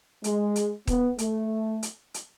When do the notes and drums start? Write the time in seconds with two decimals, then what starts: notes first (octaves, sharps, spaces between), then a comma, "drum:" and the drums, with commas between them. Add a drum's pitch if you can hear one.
0.24 G#3, drum: hi-hat
0.56 drum: hi-hat
0.87 B3, drum: kick D#1, hi-hat
1.18 A3, drum: hi-hat
1.83 drum: hi-hat
2.14 drum: hi-hat